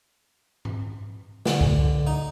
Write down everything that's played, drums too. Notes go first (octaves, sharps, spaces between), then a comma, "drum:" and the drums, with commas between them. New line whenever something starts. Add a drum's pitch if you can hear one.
drum: tom G#2
D3, drum: snare
drum: kick C2
D#4